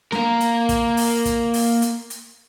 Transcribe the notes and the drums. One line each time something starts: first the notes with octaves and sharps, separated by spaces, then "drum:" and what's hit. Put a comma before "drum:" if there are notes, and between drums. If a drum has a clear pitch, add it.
A#3 A#4, drum: snare
drum: hi-hat
drum: kick, hi-hat
drum: open hi-hat
drum: kick, hi-hat
drum: open hi-hat
drum: hi-hat
drum: hi-hat